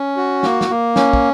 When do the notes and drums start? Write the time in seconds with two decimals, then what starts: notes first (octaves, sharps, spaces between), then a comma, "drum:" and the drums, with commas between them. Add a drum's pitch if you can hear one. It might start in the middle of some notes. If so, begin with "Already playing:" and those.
Already playing: C#4
0.17 F#4
0.43 A#3, drum: snare
0.61 drum: snare
0.70 A#3
0.96 C#4, drum: snare
1.13 drum: kick